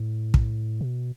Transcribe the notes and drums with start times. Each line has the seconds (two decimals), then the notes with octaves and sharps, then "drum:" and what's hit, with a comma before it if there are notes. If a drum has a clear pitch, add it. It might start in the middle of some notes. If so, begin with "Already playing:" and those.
Already playing: A2
0.34 drum: kick
0.81 B2